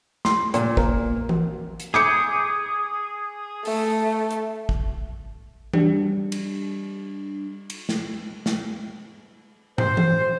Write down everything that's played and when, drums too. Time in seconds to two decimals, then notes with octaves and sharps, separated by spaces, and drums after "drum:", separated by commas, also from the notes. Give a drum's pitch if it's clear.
0.25 C6, drum: snare
0.54 A#2, drum: hi-hat
0.77 A#3, drum: kick
1.29 drum: tom E3
1.80 drum: hi-hat
1.94 G#4 D6 G6 C#7
3.65 A3, drum: open hi-hat
4.31 drum: hi-hat
4.69 drum: kick
5.74 G3 D4, drum: tom E3
6.32 drum: cymbal
7.70 drum: cymbal
7.89 drum: snare
8.46 drum: snare
9.78 C5, drum: tom
9.97 drum: tom E3